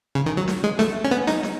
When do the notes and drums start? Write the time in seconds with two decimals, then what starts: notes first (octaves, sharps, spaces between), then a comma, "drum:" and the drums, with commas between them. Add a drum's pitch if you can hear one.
0.15 C#3
0.26 D#3
0.37 F#3
0.48 drum: snare
0.64 G#3
0.79 A3, drum: snare
1.04 C#4
1.11 B3
1.27 D#4, drum: snare
1.43 drum: snare